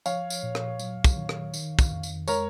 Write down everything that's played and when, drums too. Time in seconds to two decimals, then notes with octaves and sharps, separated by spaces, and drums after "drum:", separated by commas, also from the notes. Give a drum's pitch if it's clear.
0.06 F3 C#5 F5, drum: tambourine
0.30 drum: tambourine
0.43 A#2
0.55 drum: rim click
0.79 F#3, drum: tambourine
1.04 drum: kick, tambourine
1.17 D#3
1.29 drum: rim click
1.54 D#3, drum: tambourine
1.79 drum: kick, tambourine
1.91 F2
2.03 drum: tambourine
2.28 G#3 A#4 C#5, drum: tambourine